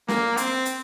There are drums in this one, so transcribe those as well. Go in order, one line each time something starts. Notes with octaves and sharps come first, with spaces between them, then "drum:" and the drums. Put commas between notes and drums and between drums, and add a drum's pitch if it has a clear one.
A#3, drum: snare
C4, drum: hi-hat
drum: hi-hat